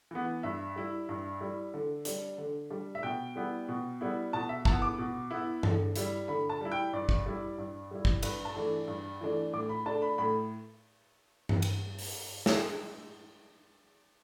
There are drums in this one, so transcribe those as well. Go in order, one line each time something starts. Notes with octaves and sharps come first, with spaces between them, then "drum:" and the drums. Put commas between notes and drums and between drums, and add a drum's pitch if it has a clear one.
E3 B3
G2 E5
G3 E4
G2
G3 E4
D3
G3 D4, drum: hi-hat
D3
G3 D4
E5
B2 G5
G3 B3 E4
B2
G3 B3 E4
B2 A5
E5
B3 E4 A5, drum: kick
D6
B2
B3 E4
D3, drum: tom G2
G3 E4, drum: hi-hat
D3 B5
A5
G3 E4
G5
G2 D5
drum: kick
G3 E4
G2
G3 E4
drum: kick
G2 B4, drum: cymbal
A5
E3 A3 D4
G2
E3 A3 D4
A2 D6
B5
A3 D4 A5
B5
A2 B5
drum: tom G2
drum: cymbal
drum: open hi-hat
drum: snare